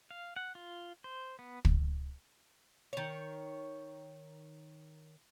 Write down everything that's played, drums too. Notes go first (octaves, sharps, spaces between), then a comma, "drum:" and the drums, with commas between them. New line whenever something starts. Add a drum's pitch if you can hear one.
F5
F#5
F4
C5
B3
drum: kick
D#3 C#5